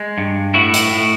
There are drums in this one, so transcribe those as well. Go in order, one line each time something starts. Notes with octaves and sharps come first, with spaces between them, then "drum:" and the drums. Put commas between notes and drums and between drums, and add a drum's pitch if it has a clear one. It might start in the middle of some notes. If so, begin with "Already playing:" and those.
Already playing: G#3
G2
A2 E4 F#4
drum: hi-hat
A2